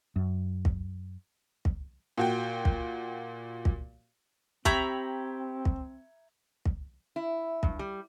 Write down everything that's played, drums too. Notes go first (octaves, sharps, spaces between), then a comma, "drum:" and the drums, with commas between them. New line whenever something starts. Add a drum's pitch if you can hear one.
F#2
drum: kick
drum: kick
A#2 F#4 G5
drum: kick
drum: kick
C4 G4 E5 A#5 B5 C#6 G6 G#6, drum: kick
drum: kick
drum: kick
E4
G2, drum: kick
G3